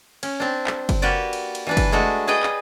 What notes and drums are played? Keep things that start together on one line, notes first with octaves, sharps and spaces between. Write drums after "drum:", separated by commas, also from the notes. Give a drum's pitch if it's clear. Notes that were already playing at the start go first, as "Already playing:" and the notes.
C#4, drum: cymbal
C4 D4
drum: clap
drum: kick F#1, cymbal
A#3 F#4 G4 B4 D5
drum: cymbal
drum: cymbal
E3 D4 B4
drum: kick F#1, cymbal
G#3 A3 D4 F#4
G#4 B4 D5 D#5 G5
drum: clap